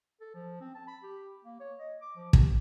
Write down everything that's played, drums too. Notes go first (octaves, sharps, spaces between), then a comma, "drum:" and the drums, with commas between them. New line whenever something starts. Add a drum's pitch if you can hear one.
A4
F3
C4
A5
B5
G4
A#3
C#5
D#5
D6
F3
G4, drum: kick